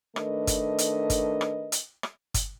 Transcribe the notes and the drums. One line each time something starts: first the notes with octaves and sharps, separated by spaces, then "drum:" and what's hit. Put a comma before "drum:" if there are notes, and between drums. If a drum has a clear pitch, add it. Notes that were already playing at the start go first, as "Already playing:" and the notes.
D#3 A3 D4 A#4 B4 D#5, drum: rim click
drum: kick G1, hi-hat
drum: hi-hat
drum: kick G1, hi-hat
drum: rim click
drum: hi-hat
drum: rim click
drum: kick G1, hi-hat